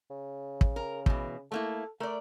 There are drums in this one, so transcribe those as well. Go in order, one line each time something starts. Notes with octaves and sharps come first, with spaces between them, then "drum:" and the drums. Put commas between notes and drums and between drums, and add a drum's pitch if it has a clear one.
C#3
drum: kick
A#4
B2 E3, drum: kick
A3 A#3 E4 A4
A3 A#4 D5